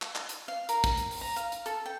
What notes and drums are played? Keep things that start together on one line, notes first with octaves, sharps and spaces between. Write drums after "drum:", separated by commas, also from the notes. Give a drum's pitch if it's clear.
drum: clap
drum: clap
drum: hi-hat
F5
A#4, drum: hi-hat
drum: kick, hi-hat
drum: hi-hat
drum: open hi-hat
A#5
F5, drum: hi-hat
drum: hi-hat
A4, drum: hi-hat
G5